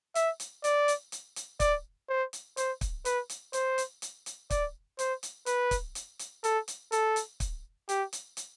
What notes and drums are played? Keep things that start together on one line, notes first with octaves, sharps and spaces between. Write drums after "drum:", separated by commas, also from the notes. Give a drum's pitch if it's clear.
E5, drum: hi-hat
drum: hi-hat
D5, drum: hi-hat
drum: hi-hat
drum: hi-hat
drum: hi-hat
D5, drum: kick, hi-hat
C5
drum: hi-hat
C5, drum: hi-hat
drum: kick, hi-hat
B4, drum: hi-hat
drum: hi-hat
C5, drum: hi-hat
drum: hi-hat
drum: hi-hat
drum: hi-hat
D5, drum: kick, hi-hat
C5, drum: hi-hat
drum: hi-hat
B4, drum: hi-hat
drum: kick, hi-hat
drum: hi-hat
drum: hi-hat
A4, drum: hi-hat
drum: hi-hat
A4, drum: hi-hat
drum: hi-hat
drum: kick, hi-hat
G4, drum: hi-hat
drum: hi-hat
drum: hi-hat